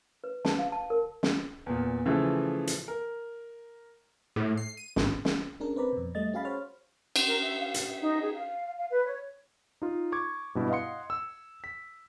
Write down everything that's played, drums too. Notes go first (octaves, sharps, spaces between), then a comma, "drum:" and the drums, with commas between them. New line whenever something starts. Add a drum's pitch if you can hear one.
B4
A5, drum: snare
F5
A5
A#4
drum: snare
E2 A#2
C#3 E3 F3 A3
drum: hi-hat
A#4
A2
C7
D#7
G#1, drum: snare
drum: snare
G#3 C#4 D4 A#4
C4 B4 D5 A#5 B5
F2 B2
G3 A3 D#5 A6
C#4 F#4 G#4 F5 B5 A6
C5 C#5 F6
drum: cymbal
A#4
E5
F5
drum: hi-hat
E5
D#4
G#4
F5
F5
B4
C#5
D#4 F4
C#6 D6 G#6
G2 B2 E4
D#5 F5 F#5 C6 C#7
E6
B6